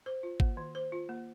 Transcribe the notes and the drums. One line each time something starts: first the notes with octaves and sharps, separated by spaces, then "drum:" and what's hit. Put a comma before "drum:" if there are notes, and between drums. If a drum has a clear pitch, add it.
C5
F4
A#3, drum: kick G#1
D#3
C5
F4
A#3